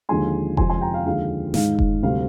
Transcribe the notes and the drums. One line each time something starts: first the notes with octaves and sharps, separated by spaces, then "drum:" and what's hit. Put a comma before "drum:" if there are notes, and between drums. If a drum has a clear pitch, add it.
D#2 D3 F3 G#3 G#5 C6
F2 C3 F3 G#3 G#5 C6, drum: kick F1
G#5 C6
G5 A#5
F5
D#2 D3 F3 G#3 F5
G#2 D#3 G#3 F5, drum: snare
drum: kick F1
D2 C3 G3 F5